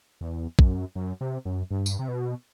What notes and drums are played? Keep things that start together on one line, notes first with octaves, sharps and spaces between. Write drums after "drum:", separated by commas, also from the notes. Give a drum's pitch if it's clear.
E2
F#2, drum: kick
F#2
C3
F#2
G2
drum: tambourine
C3
B2